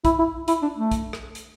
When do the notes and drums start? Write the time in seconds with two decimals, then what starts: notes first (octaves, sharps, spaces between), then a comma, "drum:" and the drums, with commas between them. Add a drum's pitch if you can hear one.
0.05 E4, drum: kick B1, hi-hat
0.18 E4
0.48 E4, drum: hi-hat
0.62 D4
0.77 A3
0.91 drum: kick B1, hi-hat
1.13 drum: rim click
1.35 drum: hi-hat